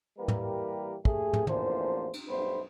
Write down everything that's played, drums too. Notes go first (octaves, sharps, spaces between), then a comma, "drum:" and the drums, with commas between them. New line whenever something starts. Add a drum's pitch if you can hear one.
E3 G3 A#3 G4 A#4 B4
drum: tom
A#1 A3 G4 G#4, drum: kick
drum: tom
A1 E2 F3 A#3 D4 C5, drum: tom
drum: cymbal
B1 G2 A3 B3 B4 C5